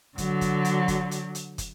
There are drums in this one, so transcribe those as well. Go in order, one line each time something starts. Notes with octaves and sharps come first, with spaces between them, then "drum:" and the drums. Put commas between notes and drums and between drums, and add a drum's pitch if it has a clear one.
D3 F#3, drum: kick, hi-hat
drum: kick, hi-hat
drum: hi-hat
drum: kick, hi-hat
drum: hi-hat
drum: hi-hat
drum: kick, hi-hat